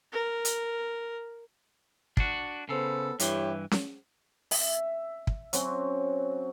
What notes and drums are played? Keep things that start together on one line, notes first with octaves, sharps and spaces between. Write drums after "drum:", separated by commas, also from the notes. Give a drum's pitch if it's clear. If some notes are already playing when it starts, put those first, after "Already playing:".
A#4
drum: hi-hat
D4 F#4, drum: kick
C#3 B3 A4 C5
G2 E3 E4 G4 C#5, drum: hi-hat
drum: snare C#4
E5, drum: open hi-hat
drum: kick
F#3 C4 C#4, drum: hi-hat